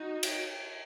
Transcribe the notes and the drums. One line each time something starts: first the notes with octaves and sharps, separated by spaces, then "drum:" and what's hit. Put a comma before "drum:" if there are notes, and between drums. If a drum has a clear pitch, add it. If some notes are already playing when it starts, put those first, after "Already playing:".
Already playing: D#4 F#4
drum: cymbal